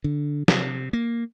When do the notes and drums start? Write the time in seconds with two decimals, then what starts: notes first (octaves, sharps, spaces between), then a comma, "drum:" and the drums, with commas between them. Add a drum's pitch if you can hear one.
0.04 D3
0.48 C3, drum: snare
0.93 A#3